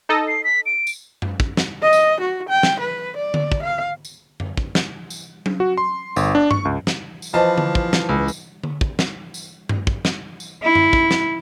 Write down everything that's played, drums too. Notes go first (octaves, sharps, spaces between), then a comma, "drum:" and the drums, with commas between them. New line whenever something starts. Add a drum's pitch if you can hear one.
D#4 A4 D#5
C7
B6
D7
drum: tambourine
drum: tom F#2
drum: kick
drum: snare
D#5
drum: tambourine
F#4
G5
drum: snare
B4
D5
drum: tom D3
drum: kick
F5
drum: tambourine
drum: tom F#2
drum: kick
drum: snare
drum: tambourine
drum: tom F#3
F#4
C6
G1, drum: tambourine
D4
C#6, drum: tom G2
C#2
drum: snare
drum: tambourine
E3 F3 C5 D#5 A5
drum: tom D3
drum: kick
drum: snare
C#2
drum: tambourine
drum: tom D3
drum: kick
drum: snare
drum: tambourine
drum: tom G2
drum: kick
drum: snare
drum: tambourine
E4
drum: tom F#2
drum: kick
drum: snare